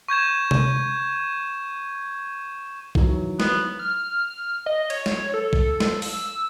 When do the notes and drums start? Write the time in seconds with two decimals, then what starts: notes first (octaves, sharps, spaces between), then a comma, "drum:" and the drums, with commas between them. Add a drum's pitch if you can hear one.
0.08 C#6 G6 G#6 E7
0.51 drum: tom C3
2.95 D#3 E3 F#3, drum: kick
3.40 B3, drum: snare
3.79 F6
4.66 D#5
4.90 C#5, drum: cymbal
5.06 drum: snare
5.34 A4
5.53 drum: kick
5.80 drum: snare
6.02 E6, drum: open hi-hat